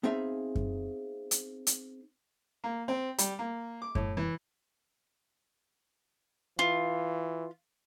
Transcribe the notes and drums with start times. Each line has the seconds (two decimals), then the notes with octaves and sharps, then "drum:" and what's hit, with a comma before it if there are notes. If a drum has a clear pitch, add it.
0.03 B3 C4 D#4 G#4 E5 F5
0.55 drum: kick F#2
1.31 drum: hi-hat
1.67 drum: hi-hat
2.64 A#3
2.88 C4
3.18 G3, drum: hi-hat
3.39 A#3
3.82 D6
3.95 A2, drum: kick F#2
4.17 E3
6.59 E3 F4